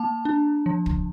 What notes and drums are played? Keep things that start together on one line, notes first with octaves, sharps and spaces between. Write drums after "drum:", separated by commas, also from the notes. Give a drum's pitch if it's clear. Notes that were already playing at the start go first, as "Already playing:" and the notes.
Already playing: A#3 A5
D4
F3
drum: kick